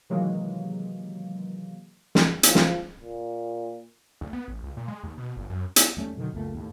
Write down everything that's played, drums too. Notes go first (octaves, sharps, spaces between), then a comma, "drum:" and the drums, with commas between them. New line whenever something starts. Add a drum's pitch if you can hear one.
C3 D#3 E3 F#3 G#3 A#3
drum: snare
F3, drum: hi-hat
drum: snare
A#2
D2
B3
A1
C#2
A#2
G#3
D#2
B2
G1
F#2
drum: hi-hat
D#2 G3 A3 C#4
B2 D3 D#3 F#3
F#1 C#2 A3 A#3
D#2 A2